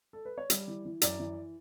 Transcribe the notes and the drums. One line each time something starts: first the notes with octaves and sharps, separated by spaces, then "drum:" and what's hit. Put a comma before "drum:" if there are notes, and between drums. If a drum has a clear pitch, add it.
A4
B4
C#5
G3 D5, drum: hi-hat
E3
E3
F#2 D5, drum: hi-hat
E3